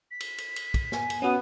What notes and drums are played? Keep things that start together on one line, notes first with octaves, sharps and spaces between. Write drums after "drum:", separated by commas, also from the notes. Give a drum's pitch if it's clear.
B6
drum: cymbal
drum: cymbal
drum: cymbal
drum: kick, cymbal
G#5, drum: snare
drum: cymbal
B3 C#4 F#4 D#6 D#7